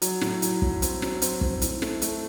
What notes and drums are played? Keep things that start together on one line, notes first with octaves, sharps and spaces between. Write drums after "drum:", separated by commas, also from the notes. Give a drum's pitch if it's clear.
F#3, drum: hi-hat
A2, drum: snare
F#3, drum: hi-hat
F#3, drum: kick
C4, drum: hi-hat
F#3, drum: snare
C4, drum: hi-hat
C4, drum: kick
A2, drum: hi-hat
A3, drum: snare
A3, drum: hi-hat